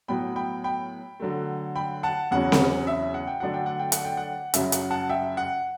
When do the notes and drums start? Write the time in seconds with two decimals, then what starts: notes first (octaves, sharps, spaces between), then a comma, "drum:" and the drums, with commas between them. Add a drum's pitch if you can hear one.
0.08 A2 F#3 B3 G5 B5
0.36 G5 B5
0.64 G5 B5
1.20 D3 F#3 A3
1.76 G5 B5
2.03 F#5 A5
2.31 E2 C#3 F#3 C#4 F#5
2.52 drum: snare C4
2.87 E5
3.14 F#5
3.27 G5
3.40 D3 F#3 A3 D4 F#5
3.54 G5
3.66 F#5
3.79 G5
3.92 F#5, drum: hi-hat
4.05 G5
4.17 F#5
4.54 F#2 C#3 F#3 E5, drum: hi-hat
4.72 F#5, drum: hi-hat
4.90 F#5 A5
5.09 E5 G5
5.37 F#5